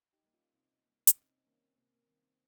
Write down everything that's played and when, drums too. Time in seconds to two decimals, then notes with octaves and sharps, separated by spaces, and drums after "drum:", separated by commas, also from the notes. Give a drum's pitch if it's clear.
0.13 D#4 G4
0.24 G3 A#3
0.33 C#4 F4
0.54 C3 C4 D#4
0.85 G3 A#3
1.07 C#4, drum: hi-hat
1.15 C3 C4 D#4
1.30 C4 D#4
1.46 D#3 G3 A#3 C#4
1.61 C4
1.76 C3 A#3
1.93 A#3
2.07 D#3 G3 C4
2.23 C4